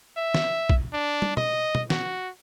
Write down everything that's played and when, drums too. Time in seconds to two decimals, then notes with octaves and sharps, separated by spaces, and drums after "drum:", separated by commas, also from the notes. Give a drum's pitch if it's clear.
0.17 E5
0.34 drum: snare
0.69 drum: kick
0.93 D4
1.22 drum: tom
1.37 D#5, drum: tom
1.75 drum: tom
1.90 F#4, drum: snare